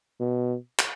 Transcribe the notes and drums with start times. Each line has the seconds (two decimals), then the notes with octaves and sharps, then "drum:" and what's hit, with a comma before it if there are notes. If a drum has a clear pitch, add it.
0.20 B2
0.79 drum: clap